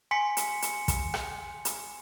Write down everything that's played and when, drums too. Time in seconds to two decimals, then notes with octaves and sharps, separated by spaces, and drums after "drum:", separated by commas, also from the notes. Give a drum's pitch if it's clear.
0.11 G#5 C6 B6 C#7
0.37 drum: hi-hat
0.62 drum: hi-hat
0.88 drum: kick, hi-hat
1.14 drum: rim click
1.65 drum: hi-hat